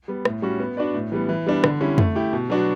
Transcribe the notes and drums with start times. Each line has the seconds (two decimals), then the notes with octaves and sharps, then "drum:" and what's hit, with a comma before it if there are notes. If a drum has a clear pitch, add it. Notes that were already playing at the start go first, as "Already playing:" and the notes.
0.08 G3 B3
0.25 A2, drum: rim click
0.42 G3 C#4 F#4
0.60 B3
0.77 D4 F#4 B4 D5
0.94 A2
1.12 E3 G3 B3
1.29 E3
1.46 G3 B3 D4
1.64 D3, drum: rim click
1.81 G3 C#4 E4
1.98 A3, drum: tom F2
2.16 E4 G4
2.33 B2
2.50 F#3 B3 D4 F#4